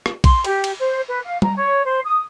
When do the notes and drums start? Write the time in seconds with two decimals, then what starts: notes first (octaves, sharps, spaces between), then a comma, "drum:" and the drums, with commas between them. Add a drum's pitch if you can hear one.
0.06 drum: rim click
0.24 C6, drum: kick A#1, cymbal
0.44 G4, drum: cymbal
0.64 drum: cymbal
0.78 C5
1.08 B4
1.24 F5
1.42 A#5, drum: tom G3
1.56 C#5
1.85 C5
2.05 D#6